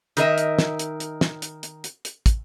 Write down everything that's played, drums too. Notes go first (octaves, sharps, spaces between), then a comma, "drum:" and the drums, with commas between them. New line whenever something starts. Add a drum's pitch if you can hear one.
D#3 A#4 D#5 E5, drum: hi-hat
drum: hi-hat
drum: snare
drum: hi-hat
drum: hi-hat
drum: snare
drum: hi-hat
drum: hi-hat
drum: hi-hat
drum: hi-hat
drum: kick, hi-hat